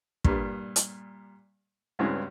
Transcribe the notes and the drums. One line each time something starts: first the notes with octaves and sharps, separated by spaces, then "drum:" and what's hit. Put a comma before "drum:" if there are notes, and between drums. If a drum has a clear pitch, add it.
G2 A#2 G3, drum: kick
drum: hi-hat
C#2 G2 C#3 F#3 G#3 C4